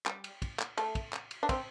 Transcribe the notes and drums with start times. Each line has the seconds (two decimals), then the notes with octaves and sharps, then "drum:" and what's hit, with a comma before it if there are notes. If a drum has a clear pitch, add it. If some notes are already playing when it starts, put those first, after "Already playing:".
0.06 G3, drum: clap
0.24 drum: cymbal
0.42 drum: kick, cymbal
0.60 drum: clap
0.78 A3, drum: cymbal
0.95 drum: kick, cymbal
1.13 drum: clap
1.31 drum: cymbal
1.43 D4
1.49 C4, drum: kick, cymbal